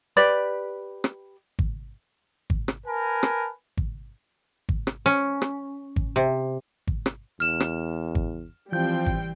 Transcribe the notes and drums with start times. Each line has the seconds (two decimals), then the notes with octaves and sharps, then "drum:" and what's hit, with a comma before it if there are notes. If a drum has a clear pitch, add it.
0.17 G4 B4 D5
1.04 drum: rim click
1.59 drum: kick G#1
2.50 drum: kick G#1
2.68 drum: rim click
2.86 A#4 B4 G#5 A5
3.23 drum: rim click
3.77 drum: kick G#1
4.69 drum: kick G#1
4.87 drum: rim click
5.06 C#4
5.42 drum: rim click
5.96 drum: kick G#1
6.16 C3
6.87 drum: kick G#1
7.06 drum: rim click
7.40 E2 F6 E7
7.60 drum: rim click
8.15 drum: kick G#1
8.73 E3 F3 G3 C4 G5 G6
9.06 drum: kick G#1